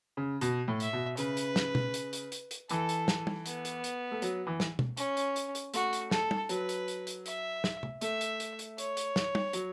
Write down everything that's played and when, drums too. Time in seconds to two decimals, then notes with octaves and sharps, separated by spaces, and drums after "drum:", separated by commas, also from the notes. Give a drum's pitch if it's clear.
0.17 C#3
0.41 B2, drum: hi-hat
0.68 A2
0.80 E5, drum: hi-hat
0.93 B2
1.17 C#3 B4, drum: hi-hat
1.37 drum: hi-hat
1.56 drum: snare
1.75 drum: tom B2
1.94 drum: hi-hat
2.13 drum: hi-hat
2.32 drum: hi-hat
2.51 drum: hi-hat
2.69 E3 A4, drum: hi-hat
2.89 drum: hi-hat
3.08 drum: snare
3.27 drum: tom
3.46 B3, drum: hi-hat
3.65 drum: hi-hat
3.84 drum: hi-hat
4.11 A3
4.22 F#3, drum: hi-hat
4.47 E3
4.60 drum: snare
4.79 drum: tom B2
4.97 C#4, drum: hi-hat
5.17 drum: hi-hat
5.36 drum: hi-hat
5.55 drum: hi-hat
5.74 A3 F#4, drum: hi-hat
5.93 drum: hi-hat
6.11 A4, drum: snare
6.31 drum: tom
6.49 F#3 B4, drum: hi-hat
6.69 drum: hi-hat
6.88 drum: hi-hat
7.07 drum: hi-hat
7.26 E5, drum: hi-hat
7.64 drum: snare
7.83 drum: tom C3
8.01 A3 E5, drum: hi-hat
8.21 drum: hi-hat
8.40 drum: hi-hat
8.59 drum: hi-hat
8.78 C#5, drum: hi-hat
8.97 drum: hi-hat
9.16 drum: snare
9.35 drum: tom
9.53 F#3, drum: hi-hat